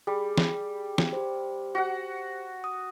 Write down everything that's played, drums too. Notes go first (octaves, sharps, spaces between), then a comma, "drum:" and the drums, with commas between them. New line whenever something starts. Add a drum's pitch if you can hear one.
G3 G#4
drum: snare
drum: snare
G4 C5
F#4 F#5
D#6